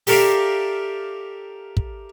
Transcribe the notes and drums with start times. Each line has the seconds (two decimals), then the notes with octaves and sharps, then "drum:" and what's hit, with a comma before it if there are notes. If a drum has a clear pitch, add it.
0.07 G4 A4 A#4 D5 E5 F5, drum: open hi-hat
1.77 drum: kick